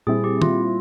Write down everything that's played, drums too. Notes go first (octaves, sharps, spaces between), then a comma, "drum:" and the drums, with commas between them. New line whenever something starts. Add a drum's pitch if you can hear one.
A#2 G3 C4 E4 G#4
G4
F4, drum: tom